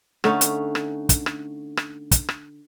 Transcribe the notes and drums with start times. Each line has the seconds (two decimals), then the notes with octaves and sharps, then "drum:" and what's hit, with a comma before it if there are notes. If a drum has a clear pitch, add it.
0.24 D3 A3 C#4 D#4, drum: rim click
0.41 drum: hi-hat
0.75 drum: rim click
1.09 drum: kick, hi-hat
1.26 drum: rim click
1.77 drum: rim click
2.12 drum: kick, hi-hat
2.29 drum: rim click